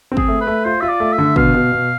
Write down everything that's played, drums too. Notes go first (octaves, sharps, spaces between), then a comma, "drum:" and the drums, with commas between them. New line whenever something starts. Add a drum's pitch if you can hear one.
C4
G#4, drum: kick
A3
B4
A3
F4 C5
F4 E5
D5
A3
E5
D3
B2 F5, drum: kick
B2
B2